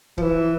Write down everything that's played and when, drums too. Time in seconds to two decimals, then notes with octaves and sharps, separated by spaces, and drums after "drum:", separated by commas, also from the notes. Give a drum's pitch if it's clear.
0.18 F3, drum: kick C#1
0.22 E3